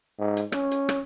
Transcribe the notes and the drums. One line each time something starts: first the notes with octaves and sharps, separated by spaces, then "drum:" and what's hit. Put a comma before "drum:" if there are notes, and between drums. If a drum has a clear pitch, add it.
G#2
drum: hi-hat
C#4, drum: rim click
drum: hi-hat
drum: rim click